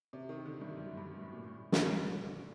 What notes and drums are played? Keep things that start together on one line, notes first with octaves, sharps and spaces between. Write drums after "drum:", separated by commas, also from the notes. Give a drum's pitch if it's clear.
C3
D#3
D3
G2
F#2
G2
A2
A#2
A2
drum: snare
A#2
D3